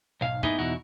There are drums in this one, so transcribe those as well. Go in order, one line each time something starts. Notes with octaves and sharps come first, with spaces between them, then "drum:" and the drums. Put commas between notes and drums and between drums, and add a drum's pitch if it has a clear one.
B1 G#2 F5
A#3 B3 D#4 E4 G#4 E5, drum: tom G2
E2 B2 D#4 E4 F#4